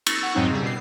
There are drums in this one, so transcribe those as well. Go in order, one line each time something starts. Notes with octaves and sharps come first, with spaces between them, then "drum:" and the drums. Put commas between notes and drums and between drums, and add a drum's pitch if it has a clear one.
C#6 E6 A6 A#6 C#7, drum: cymbal
F#5 C#6
F2 G#2 F#3 C4 D#4
C#3 G3
B2 C7